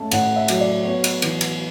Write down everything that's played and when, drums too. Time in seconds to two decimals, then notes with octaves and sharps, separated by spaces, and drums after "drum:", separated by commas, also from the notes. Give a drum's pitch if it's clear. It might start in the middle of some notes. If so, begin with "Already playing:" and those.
Already playing: A3 C#4 A5
0.11 A2 F#5, drum: cymbal
0.36 E5
0.48 F#3, drum: cymbal
0.60 D5
0.85 B3 C#5
1.04 drum: cymbal
1.22 E3, drum: cymbal
1.41 drum: cymbal